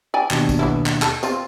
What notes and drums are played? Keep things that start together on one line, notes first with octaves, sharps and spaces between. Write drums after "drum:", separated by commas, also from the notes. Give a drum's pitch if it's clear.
D5 G5 G#5
D#2 B2 D4, drum: clap
drum: kick, tambourine
E3 B3 E4
drum: clap
A4, drum: clap
C4 F4, drum: tambourine